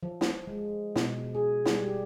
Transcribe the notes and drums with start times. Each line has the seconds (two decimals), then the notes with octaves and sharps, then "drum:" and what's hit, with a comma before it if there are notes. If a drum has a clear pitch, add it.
0.03 F3
0.21 drum: snare
0.47 G#3
0.96 B2, drum: snare
1.35 G#4
1.65 G3, drum: snare
1.83 G4